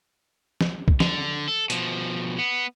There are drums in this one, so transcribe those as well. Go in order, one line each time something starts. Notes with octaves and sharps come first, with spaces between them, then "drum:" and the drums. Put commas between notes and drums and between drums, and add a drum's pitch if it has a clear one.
drum: snare
drum: kick B1
D3, drum: snare
A4
B2 F3, drum: hi-hat
B3